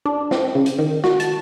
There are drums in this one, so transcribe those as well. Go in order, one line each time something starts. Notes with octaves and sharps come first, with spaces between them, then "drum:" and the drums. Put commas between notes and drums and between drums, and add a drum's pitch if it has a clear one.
D4
C4, drum: snare
C#3
drum: hi-hat
D#3
F#4, drum: snare
A5, drum: hi-hat